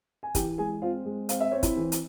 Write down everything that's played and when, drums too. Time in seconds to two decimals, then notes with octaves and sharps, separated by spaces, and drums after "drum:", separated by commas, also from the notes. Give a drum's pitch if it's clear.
0.23 G#5
0.35 E3 G4 G5, drum: kick, hi-hat
0.58 G#3 G#4 G#5
0.82 C4 F4 F5
1.05 G#3
1.29 C4 F5, drum: hi-hat
1.41 E5
1.52 C4 C#5
1.63 E4 E5, drum: kick, hi-hat
1.76 E3
1.92 drum: hi-hat